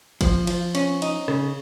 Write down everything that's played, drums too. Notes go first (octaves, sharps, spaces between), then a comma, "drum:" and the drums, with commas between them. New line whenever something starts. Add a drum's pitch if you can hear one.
F3, drum: kick G#1, cymbal
F3, drum: cymbal
C#4, drum: cymbal
D#4, drum: cymbal
C#3, drum: rim click